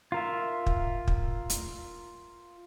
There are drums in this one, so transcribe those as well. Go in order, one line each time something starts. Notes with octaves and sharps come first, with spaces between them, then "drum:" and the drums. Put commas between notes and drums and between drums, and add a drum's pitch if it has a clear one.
F4 A#4 E5
drum: kick
drum: kick
drum: hi-hat